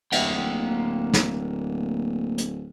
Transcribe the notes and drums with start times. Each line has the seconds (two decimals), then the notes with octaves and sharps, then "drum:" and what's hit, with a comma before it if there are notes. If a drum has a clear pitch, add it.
0.12 D1 A#3 G5, drum: cymbal
1.13 drum: snare
2.38 drum: hi-hat